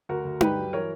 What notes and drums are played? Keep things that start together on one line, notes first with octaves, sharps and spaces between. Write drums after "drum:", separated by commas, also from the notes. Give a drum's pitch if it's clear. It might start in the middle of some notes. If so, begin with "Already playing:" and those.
D2 F#4 A#4
D2
G2 G4 B4, drum: tom D#4
F#3
E3 A#4 C#5